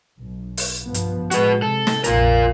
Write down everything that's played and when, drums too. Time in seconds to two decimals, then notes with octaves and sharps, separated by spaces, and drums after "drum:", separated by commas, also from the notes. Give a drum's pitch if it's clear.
0.19 B1
0.57 drum: open hi-hat
0.85 G2 F3 B3
0.94 drum: hi-hat
1.31 A2 G#3 F#4 B4, drum: hi-hat
1.62 C3 A4
1.87 drum: snare
2.04 A#1 F2 F4 A#4, drum: hi-hat